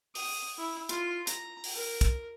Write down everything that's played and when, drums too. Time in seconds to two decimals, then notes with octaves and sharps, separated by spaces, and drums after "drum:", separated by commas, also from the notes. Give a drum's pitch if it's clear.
0.15 D#6, drum: open hi-hat
0.58 E4
0.89 F4, drum: hi-hat
1.27 A#5, drum: hi-hat
1.64 drum: open hi-hat
1.75 A#4
2.01 drum: kick, hi-hat